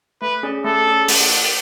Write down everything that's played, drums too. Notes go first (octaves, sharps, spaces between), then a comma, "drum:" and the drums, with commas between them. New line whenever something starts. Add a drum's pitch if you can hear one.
A3 B4
C#4 G#4 D5
A3 A4
C#4 G#4 D5
A3, drum: open hi-hat